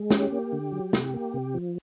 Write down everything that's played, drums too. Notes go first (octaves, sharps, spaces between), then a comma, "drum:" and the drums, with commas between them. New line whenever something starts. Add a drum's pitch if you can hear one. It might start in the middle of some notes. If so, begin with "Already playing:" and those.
Already playing: G#3
C#4 G4, drum: snare
A#3
D3
F#3
C3, drum: snare
A#3
C3
F3